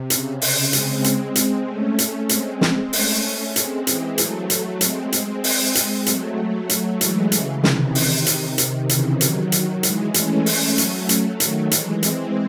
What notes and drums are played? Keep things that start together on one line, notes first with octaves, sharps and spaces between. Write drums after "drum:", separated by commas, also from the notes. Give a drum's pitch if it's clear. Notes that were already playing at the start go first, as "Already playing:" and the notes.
Already playing: C3
C#3, drum: hi-hat
drum: open hi-hat
G#3 C4, drum: hi-hat
drum: hi-hat
G#3 C4, drum: hi-hat
A3 C#4
drum: hi-hat
G#3 C4, drum: hi-hat
drum: snare
A3 C#4, drum: open hi-hat
G#3 C4, drum: hi-hat
E3 G#3, drum: hi-hat
F#3 A3, drum: hi-hat
drum: hi-hat
G#3 C4, drum: hi-hat
drum: hi-hat
drum: open hi-hat
drum: hi-hat
F#3 A3, drum: hi-hat
drum: hi-hat
E3 G#3, drum: hi-hat
C#3 E3, drum: hi-hat
C3 D#3, drum: snare
drum: open hi-hat
drum: hi-hat
drum: hi-hat
C#3 E3, drum: hi-hat
D#3 F#3, drum: hi-hat
drum: hi-hat
E3 G#3, drum: hi-hat
A3 C#4, drum: hi-hat
drum: open hi-hat
F#3 A3, drum: hi-hat
drum: hi-hat
D#3 F#3, drum: hi-hat
E3 G#3, drum: hi-hat
G#3 C4, drum: hi-hat